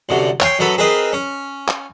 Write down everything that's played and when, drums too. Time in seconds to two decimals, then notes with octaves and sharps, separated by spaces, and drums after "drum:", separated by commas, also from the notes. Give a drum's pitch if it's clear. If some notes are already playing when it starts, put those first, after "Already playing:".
0.09 C2 F#2 D3
0.40 C#5 G5 G#5 C6, drum: clap
0.59 F#2 F#3 B3 A4 B5
0.78 C4 G#4 A#4 B4 D#5
1.13 C#4
1.68 drum: clap